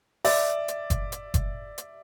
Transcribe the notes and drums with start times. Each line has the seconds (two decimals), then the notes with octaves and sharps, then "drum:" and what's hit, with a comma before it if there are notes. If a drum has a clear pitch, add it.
0.25 D5 E5, drum: open hi-hat
0.68 drum: hi-hat
0.90 drum: kick F#1, hi-hat
1.12 drum: hi-hat
1.34 drum: kick F#1, hi-hat
1.78 drum: hi-hat